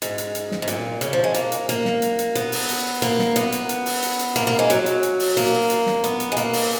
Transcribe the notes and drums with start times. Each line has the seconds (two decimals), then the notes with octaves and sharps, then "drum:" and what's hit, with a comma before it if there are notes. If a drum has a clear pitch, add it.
0.02 G#2, drum: hi-hat
0.18 drum: hi-hat
0.35 drum: hi-hat
0.51 drum: snare
0.62 G#2
0.68 A#2, drum: hi-hat
1.01 C#3, drum: hi-hat
1.13 F3
1.24 G#3
1.34 A#3, drum: hi-hat
1.52 drum: hi-hat
1.69 A#3, drum: hi-hat
1.85 drum: snare
2.02 drum: hi-hat
2.19 drum: hi-hat
2.35 B3, drum: hi-hat
2.52 drum: open hi-hat
2.69 drum: hi-hat
3.02 A#3, drum: hi-hat
3.19 drum: snare
3.36 B3, drum: hi-hat
3.52 drum: hi-hat
3.69 drum: hi-hat
3.86 drum: open hi-hat
4.03 drum: hi-hat
4.19 drum: hi-hat
4.36 A#3, drum: hi-hat
4.47 A#3
4.59 G#3
4.70 F#3, drum: hi-hat
4.86 drum: hi-hat
5.03 drum: hi-hat
5.20 drum: open hi-hat
5.37 A#3, drum: hi-hat
5.70 drum: hi-hat
5.86 drum: snare
6.04 B3, drum: hi-hat
6.20 drum: hi-hat
6.32 G#3
6.37 A#3, drum: hi-hat
6.53 drum: open hi-hat